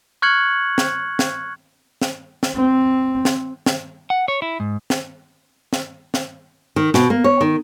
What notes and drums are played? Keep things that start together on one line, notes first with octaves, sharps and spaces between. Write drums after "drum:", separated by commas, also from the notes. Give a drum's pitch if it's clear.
C#6 F6 F#6 G#6 C#7 F#7
drum: snare
drum: snare
drum: snare
drum: snare
C4
drum: snare
drum: snare
F#5
C#5
E4
G#2
drum: snare
drum: snare
drum: snare
D#3
B2, drum: snare
A#3
C#5
D#3